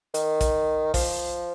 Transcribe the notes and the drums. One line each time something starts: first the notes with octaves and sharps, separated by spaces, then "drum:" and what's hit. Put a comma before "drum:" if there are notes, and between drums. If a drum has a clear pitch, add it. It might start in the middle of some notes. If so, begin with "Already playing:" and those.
D#3, drum: hi-hat
drum: kick, hi-hat
F3, drum: kick, open hi-hat